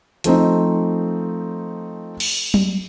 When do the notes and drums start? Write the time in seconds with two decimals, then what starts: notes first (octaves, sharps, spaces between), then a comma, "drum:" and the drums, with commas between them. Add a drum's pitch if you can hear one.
0.24 F3 A3 C4 D#4, drum: hi-hat
2.20 drum: cymbal
2.54 drum: tom F#3